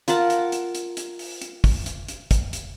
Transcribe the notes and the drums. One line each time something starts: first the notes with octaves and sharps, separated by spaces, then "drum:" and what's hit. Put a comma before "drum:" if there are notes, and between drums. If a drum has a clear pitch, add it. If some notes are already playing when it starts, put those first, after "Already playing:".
F4 A#4 F#5 A5, drum: hi-hat
drum: hi-hat
drum: hi-hat
drum: hi-hat
drum: hi-hat
drum: open hi-hat
drum: hi-hat
drum: kick, open hi-hat
drum: hi-hat
drum: hi-hat
drum: kick, hi-hat
drum: hi-hat